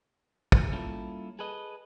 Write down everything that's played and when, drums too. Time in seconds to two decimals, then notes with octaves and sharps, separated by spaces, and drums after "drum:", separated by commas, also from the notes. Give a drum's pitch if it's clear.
0.52 drum: kick
0.73 G3 A#3 C#4 E4 F4 A4
1.39 G#4 A4 B4 D#5